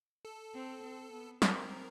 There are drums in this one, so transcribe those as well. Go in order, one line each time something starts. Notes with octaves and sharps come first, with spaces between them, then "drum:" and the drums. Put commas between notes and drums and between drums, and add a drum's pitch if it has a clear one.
A4
C4
C4
B3
C4 A#4, drum: snare